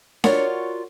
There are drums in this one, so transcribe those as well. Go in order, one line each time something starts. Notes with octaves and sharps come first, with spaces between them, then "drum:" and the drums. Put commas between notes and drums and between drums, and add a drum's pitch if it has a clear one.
F4 F#4 A#4 C#5 D5 F#5, drum: snare D4